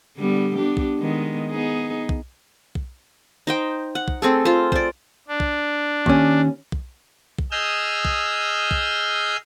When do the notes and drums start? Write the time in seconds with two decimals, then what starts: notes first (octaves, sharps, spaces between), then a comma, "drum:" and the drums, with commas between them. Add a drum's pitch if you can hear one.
0.18 D3 G3 B3
0.57 B3 D4 G4
0.77 drum: kick B1
1.00 D#3 G#3 B3
1.50 B3 D#4 G#4
2.09 drum: kick B1
2.75 drum: kick B1
3.47 D#4 C5 G5
3.95 F#5
4.08 drum: kick B1
4.22 A3 C4 G#4 A4
4.45 F4 C5
4.72 C5 D5, drum: kick B1
5.28 D4
5.40 drum: kick B1
6.06 D#2 C#4, drum: kick B1
6.72 drum: kick B1
7.39 drum: kick B1
7.51 G#4 D#5 E6 F6 G6
8.05 drum: kick B1
8.71 drum: kick B1